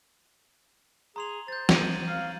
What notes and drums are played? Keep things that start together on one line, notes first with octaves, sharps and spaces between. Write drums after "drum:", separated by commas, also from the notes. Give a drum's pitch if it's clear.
G#4 A#5 C6 F7
C5 G6 A6
G#6 D#7 F#7, drum: snare
F5